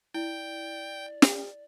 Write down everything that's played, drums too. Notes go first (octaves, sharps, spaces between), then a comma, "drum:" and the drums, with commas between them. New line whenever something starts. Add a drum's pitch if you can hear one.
E4 D5 G5
drum: snare